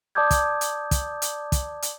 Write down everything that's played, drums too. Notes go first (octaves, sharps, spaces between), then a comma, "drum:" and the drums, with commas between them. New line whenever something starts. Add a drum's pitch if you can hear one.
D5 A5 D6 D#6 G6 G#6
drum: kick, hi-hat
drum: hi-hat
drum: kick, hi-hat
drum: hi-hat
drum: kick, hi-hat
drum: hi-hat